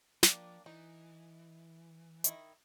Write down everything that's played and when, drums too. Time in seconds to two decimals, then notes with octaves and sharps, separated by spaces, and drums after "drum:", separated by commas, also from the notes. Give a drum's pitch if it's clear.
0.23 F3 A#3 D4 G5, drum: snare
0.66 E3 D#4
2.24 D#3 E4 D#5, drum: hi-hat